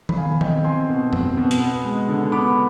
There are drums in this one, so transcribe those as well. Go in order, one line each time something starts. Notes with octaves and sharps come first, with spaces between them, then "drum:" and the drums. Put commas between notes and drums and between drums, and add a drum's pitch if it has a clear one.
B5, drum: tom D#3
B2 F5 G#5
G#5
C4 D#5 G5, drum: tom D#3
C4 G#5 C6
B2
C4, drum: tom F2
B2
drum: hi-hat
B3
G#3
D3
B3 B5 D6